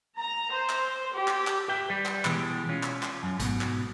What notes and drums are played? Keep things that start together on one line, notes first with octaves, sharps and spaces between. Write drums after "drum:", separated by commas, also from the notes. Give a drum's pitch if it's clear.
A#5
C5
drum: clap
G4
drum: clap
drum: clap
G4 B4 E5 G5
G3 B4
drum: clap
B2 E3 G#3 G4, drum: clap
C#4 F4
drum: clap
drum: clap
F#2
G#2 B2, drum: kick A1, hi-hat
drum: clap